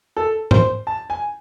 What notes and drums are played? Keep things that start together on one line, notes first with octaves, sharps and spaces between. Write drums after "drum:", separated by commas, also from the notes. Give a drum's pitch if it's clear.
A4
C5, drum: tom G#2
A5
G#5